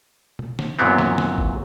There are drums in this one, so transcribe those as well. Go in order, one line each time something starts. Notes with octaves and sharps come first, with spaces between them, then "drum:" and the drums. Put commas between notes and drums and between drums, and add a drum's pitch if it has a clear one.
drum: tom
drum: snare
F#2 A#2 E3 F#3 B3 C4
drum: snare
drum: snare
drum: kick F#1